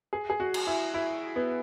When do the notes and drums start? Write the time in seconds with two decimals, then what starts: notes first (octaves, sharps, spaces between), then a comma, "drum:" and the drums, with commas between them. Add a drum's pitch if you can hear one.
0.13 G#4
0.30 G#4
0.40 F#4
0.54 drum: cymbal
0.67 E4
0.94 E4
1.36 B3